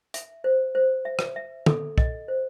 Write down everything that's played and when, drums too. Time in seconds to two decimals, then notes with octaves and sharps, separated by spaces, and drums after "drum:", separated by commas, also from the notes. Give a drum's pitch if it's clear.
0.14 E5, drum: hi-hat
0.44 C5
0.75 C5
1.05 E5
1.19 drum: rim click
1.36 E5
1.66 A4, drum: tom
1.98 D#5, drum: kick
2.28 C5